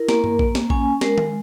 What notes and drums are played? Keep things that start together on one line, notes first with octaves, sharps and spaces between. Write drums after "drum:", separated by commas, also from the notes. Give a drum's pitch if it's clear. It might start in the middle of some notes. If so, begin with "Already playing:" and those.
Already playing: E4 A#4
A#3, drum: snare B3
drum: tom G2
A#3, drum: kick A#1
drum: snare B3
C#4 G#5, drum: kick A#1
G#3 A#4, drum: snare B3
drum: tom D#3